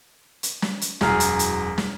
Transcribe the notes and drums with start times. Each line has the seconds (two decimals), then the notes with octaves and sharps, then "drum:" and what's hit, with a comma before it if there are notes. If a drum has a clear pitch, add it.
0.43 drum: hi-hat
0.62 drum: snare
0.81 drum: hi-hat
1.01 E1 F#2 G#4 A#5 F6, drum: snare
1.20 drum: hi-hat
1.39 drum: hi-hat
1.78 drum: snare